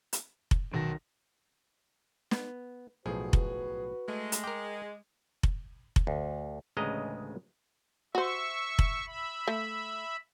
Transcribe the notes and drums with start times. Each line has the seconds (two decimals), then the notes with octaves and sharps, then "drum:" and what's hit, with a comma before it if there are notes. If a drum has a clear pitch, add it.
0.13 drum: hi-hat
0.51 drum: kick F1
0.74 B1 D#3 F#4 A#6
2.31 B3, drum: snare
3.06 B1 A2 F3 F#4 G#4 B4
3.33 drum: kick F1
4.08 G#3 A3
4.32 drum: hi-hat
4.44 A#4 G5 D6
5.43 drum: kick F1
5.96 drum: kick F1
6.07 D2
6.77 A1 D2 C#3 G#3 D#5 A#5
8.15 F#4 C5 E5 C#6
8.79 drum: kick F1
9.07 E5 B5
9.48 A3